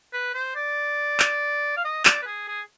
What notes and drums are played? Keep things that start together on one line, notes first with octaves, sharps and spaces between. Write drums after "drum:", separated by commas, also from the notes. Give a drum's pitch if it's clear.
B4
C5
D5
drum: clap
F5
D#5
D5, drum: clap
B4
G#4
G#4